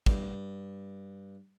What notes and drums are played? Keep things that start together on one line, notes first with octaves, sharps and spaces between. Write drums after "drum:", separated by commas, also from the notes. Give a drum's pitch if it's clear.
G2, drum: kick